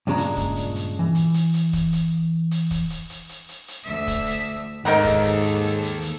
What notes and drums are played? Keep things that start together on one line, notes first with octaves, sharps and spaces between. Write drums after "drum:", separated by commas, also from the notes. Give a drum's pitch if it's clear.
G2 A#2 C#3 G#3 D4 A#5
drum: hi-hat
drum: kick, hi-hat
drum: hi-hat
drum: hi-hat
E3
drum: hi-hat
drum: hi-hat
drum: hi-hat
drum: kick, hi-hat
drum: hi-hat
drum: hi-hat
drum: kick, hi-hat
drum: hi-hat
drum: hi-hat
drum: hi-hat
drum: hi-hat
drum: hi-hat
D2 E5
drum: kick, hi-hat
drum: hi-hat
D#2 G#2 D#4 A4 A#4 F#5, drum: hi-hat
drum: kick, hi-hat
drum: hi-hat
drum: hi-hat
drum: hi-hat
drum: hi-hat
drum: hi-hat